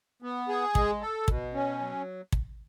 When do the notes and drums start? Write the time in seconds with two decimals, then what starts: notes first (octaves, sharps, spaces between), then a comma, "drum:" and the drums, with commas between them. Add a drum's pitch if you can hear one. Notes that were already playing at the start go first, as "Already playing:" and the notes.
0.22 B3
0.49 G#4
0.75 G#3, drum: kick
1.02 A4
1.28 B2, drum: kick
1.54 C#4
1.80 F#3
2.32 drum: kick